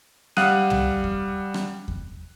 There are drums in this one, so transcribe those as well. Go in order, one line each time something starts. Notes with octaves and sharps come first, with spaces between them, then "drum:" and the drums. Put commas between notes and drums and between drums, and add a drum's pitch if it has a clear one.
G3 F5 F#5 D#6 F#6 D#7, drum: rim click
drum: tom
drum: kick E2
drum: rim click
drum: kick E2